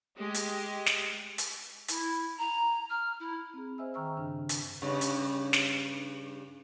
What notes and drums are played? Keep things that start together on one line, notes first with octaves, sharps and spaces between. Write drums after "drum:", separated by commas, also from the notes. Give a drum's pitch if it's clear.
G#3 G4
drum: hi-hat
drum: snare
drum: hi-hat
E4, drum: hi-hat
A#5
F6
E4
C4 G#4
C5 D#5 E5 G#5 E6
D#3 G5 A#5 C#6 E6 F6
G2 C#3 D4
drum: hi-hat
G2 C#3
drum: hi-hat
drum: snare